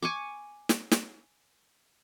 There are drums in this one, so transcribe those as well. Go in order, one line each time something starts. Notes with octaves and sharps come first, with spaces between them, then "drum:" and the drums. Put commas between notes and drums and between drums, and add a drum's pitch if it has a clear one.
G#5 C#6 D6
drum: snare
drum: snare